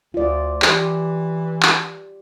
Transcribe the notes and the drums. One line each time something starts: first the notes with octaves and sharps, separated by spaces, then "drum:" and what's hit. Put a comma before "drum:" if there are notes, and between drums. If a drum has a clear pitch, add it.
D2 F4 D5
E3 G4, drum: clap
drum: clap